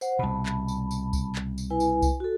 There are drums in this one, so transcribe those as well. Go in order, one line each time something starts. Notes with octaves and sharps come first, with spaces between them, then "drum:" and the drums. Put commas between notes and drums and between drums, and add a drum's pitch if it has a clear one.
C5 F#5, drum: tambourine
C2 B2 A5 B5
drum: clap
drum: tambourine
drum: tambourine
drum: kick C2, tambourine
drum: clap
drum: tambourine
E4 B4 G#5
drum: tambourine
drum: kick C2, tambourine
F#4 A4